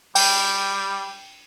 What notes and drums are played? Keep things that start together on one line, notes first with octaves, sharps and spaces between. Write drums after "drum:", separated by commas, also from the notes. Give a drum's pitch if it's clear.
G3 G5, drum: open hi-hat